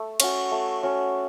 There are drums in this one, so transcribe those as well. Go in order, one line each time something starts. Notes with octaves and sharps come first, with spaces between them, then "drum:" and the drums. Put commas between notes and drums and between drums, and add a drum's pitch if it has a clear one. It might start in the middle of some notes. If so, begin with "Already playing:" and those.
Already playing: A3
C#4 F#4, drum: cymbal
A3
C#4 F#4